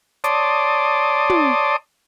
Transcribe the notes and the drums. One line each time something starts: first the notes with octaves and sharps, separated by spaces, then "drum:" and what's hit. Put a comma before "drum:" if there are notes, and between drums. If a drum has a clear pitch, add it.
C#5 D5 A5 C6 D6 D#6, drum: hi-hat
drum: tom